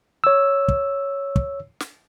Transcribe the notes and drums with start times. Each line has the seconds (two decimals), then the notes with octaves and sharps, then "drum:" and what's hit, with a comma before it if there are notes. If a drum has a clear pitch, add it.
0.24 C#5 E6
0.68 drum: kick
1.36 drum: kick
1.80 drum: snare